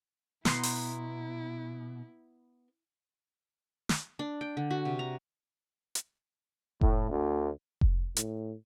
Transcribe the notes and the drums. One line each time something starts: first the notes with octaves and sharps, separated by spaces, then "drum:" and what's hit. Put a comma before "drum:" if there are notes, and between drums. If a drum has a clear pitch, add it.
B2 B3 E4 A#5 C6, drum: snare
drum: open hi-hat
drum: snare
D4
G5
D3
F#4
C3
A#5
drum: hi-hat
A2, drum: kick F1
D2
drum: kick F1
A2, drum: hi-hat